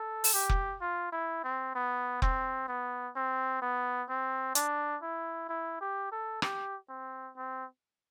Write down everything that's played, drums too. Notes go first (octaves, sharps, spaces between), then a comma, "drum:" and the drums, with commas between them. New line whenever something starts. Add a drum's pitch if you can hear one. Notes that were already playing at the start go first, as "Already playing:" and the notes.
Already playing: A4
drum: open hi-hat
G4
drum: kick F1
F4
E4
C4
B3
C4, drum: kick F1
B3
C4
B3
C4
D4, drum: hi-hat
E4
E4
G4
A4
G4, drum: rim click
C4
C4